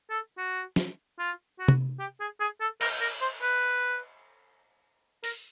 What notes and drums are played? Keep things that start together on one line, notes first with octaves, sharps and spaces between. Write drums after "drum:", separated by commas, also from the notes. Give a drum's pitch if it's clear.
A4
F#4
drum: snare
F4
F#4
drum: tom C3
G4
G#4
G#4
A4
A#4, drum: cymbal
A#4
C5
B4
A#4, drum: open hi-hat